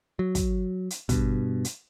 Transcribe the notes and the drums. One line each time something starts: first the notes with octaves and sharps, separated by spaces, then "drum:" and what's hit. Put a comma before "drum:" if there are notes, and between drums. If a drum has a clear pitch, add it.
F#3
drum: kick, hi-hat
drum: hi-hat
G2 B2, drum: kick, hi-hat
drum: hi-hat